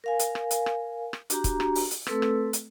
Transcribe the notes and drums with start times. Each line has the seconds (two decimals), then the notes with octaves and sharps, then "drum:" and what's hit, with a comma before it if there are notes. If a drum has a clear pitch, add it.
0.04 A#4 F5 G#5
0.20 drum: hi-hat
0.35 drum: rim click
0.51 drum: hi-hat
0.66 drum: rim click
1.13 drum: rim click
1.30 D4 F#4 G4 A#5, drum: hi-hat
1.44 drum: kick, hi-hat
1.60 drum: rim click
1.75 drum: open hi-hat
1.91 drum: hi-hat
2.07 A3 C4 A4 B4 E6, drum: rim click
2.22 drum: rim click
2.53 drum: hi-hat